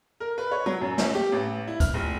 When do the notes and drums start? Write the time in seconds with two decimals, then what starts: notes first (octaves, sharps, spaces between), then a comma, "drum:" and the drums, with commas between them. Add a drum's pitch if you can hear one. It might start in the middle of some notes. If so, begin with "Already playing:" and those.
0.20 A#4
0.38 B4
0.51 C#5
0.66 F#3
0.81 F#2
0.98 C#4, drum: snare
1.15 G4
1.32 A1
1.68 E4
1.80 F6, drum: kick, hi-hat
1.94 F1